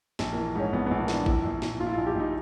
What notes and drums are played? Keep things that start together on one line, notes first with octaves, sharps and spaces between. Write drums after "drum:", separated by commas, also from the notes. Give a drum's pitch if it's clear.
A#1, drum: snare
E3 A#3
G#2 C#4
A#1 B3
A#1 B3
A#3
E3 D4, drum: snare
A#1 E4, drum: kick
A#1
A#2, drum: snare
A#2 F4
E4
A#1 F4
G4
A#1 D#4